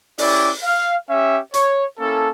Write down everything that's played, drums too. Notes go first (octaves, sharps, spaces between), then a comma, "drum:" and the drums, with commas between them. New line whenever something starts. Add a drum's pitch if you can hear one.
C#4 E4 G4 D5, drum: open hi-hat
F5
C#4 G4 E5
C#5, drum: hi-hat
A#3 C#4 E4 A4